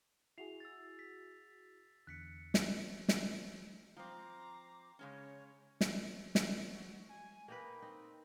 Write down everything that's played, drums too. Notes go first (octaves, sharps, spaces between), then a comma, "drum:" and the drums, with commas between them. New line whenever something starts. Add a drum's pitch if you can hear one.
E4 F#4 G#4 C7 F7
E6 A6
B6
E2 D3 F#6 B6 C#7
drum: snare
drum: snare
F3 C4 C5 A#5 D6
C#3 G#3 C#4 C#5
drum: snare
drum: snare
F#4
G#5
A#3 D#4 B4 G5
C4 D#4